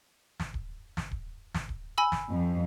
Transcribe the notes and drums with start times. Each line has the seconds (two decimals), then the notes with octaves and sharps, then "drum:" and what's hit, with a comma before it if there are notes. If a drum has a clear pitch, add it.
0.40 drum: snare
0.54 drum: kick D1
0.97 drum: snare
1.11 drum: kick D1
1.54 drum: snare
1.69 drum: kick D1
1.98 G#5 B5 E6
2.12 drum: snare
2.30 F2